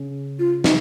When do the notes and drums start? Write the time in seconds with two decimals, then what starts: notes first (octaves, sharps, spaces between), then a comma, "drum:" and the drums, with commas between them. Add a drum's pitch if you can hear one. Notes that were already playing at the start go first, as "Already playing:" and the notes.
Already playing: C#3
0.39 F4
0.64 D#4, drum: snare